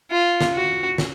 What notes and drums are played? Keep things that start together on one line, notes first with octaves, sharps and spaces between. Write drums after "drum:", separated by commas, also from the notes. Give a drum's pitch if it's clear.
F4
drum: snare
F#4
drum: snare